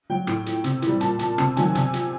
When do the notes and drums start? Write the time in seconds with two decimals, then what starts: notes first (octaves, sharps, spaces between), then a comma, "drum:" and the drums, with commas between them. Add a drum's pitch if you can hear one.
0.10 F#3 G5
0.27 A2, drum: rim click
0.46 F3, drum: hi-hat
0.64 C3, drum: hi-hat
0.82 E3 G3, drum: hi-hat
1.00 A#2 A5, drum: hi-hat
1.19 F3 A5, drum: hi-hat
1.38 C3 A5, drum: rim click
1.57 D#3 F#3 G#5, drum: hi-hat
1.75 C3 G#5, drum: hi-hat
1.93 F3, drum: hi-hat